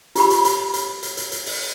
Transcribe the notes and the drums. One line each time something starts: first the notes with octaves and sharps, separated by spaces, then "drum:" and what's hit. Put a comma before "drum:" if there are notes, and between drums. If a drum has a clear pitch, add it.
F4 G4 B5, drum: hi-hat
drum: hi-hat
drum: hi-hat
drum: hi-hat
drum: hi-hat
drum: hi-hat
drum: hi-hat
drum: open hi-hat